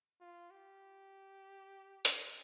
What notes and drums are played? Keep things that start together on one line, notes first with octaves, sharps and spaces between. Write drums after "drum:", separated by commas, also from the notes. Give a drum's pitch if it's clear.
F4
G4
drum: hi-hat